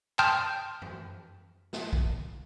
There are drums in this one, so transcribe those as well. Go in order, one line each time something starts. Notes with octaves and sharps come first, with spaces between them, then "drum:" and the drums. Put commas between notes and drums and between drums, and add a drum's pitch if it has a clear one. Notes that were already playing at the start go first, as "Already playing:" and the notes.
G5 A5 C6 D#6 F6 G6, drum: clap
drum: tom F#2
drum: snare
drum: kick